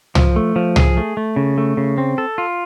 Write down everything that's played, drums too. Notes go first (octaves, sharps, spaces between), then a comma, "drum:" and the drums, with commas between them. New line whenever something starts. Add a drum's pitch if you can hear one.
F3, drum: tom
A3
F3
G#4, drum: tom
A3
A3
C#3
A3
C#3
C4
A4
F4